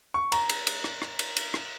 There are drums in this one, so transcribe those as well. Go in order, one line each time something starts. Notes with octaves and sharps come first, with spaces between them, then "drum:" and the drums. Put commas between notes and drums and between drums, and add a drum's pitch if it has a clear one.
C#6
A#5, drum: cymbal
drum: cymbal
drum: cymbal
drum: rim click
drum: rim click
drum: cymbal
drum: cymbal
drum: rim click